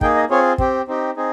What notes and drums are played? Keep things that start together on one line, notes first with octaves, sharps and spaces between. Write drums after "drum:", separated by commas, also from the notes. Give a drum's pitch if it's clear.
A#3 D#4 G#4 G5, drum: kick
D#5
C4 F4 G#4 C#5
C4 G4, drum: kick
C4 D#4 G4
C4 D#4 G#4